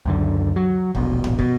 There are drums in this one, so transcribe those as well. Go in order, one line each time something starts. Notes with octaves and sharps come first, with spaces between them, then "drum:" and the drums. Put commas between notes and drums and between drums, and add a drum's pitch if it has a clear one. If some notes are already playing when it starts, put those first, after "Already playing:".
C#2 F#2 D3
F#3
D#1 A#1 B2, drum: kick
drum: tom G#2
B2, drum: kick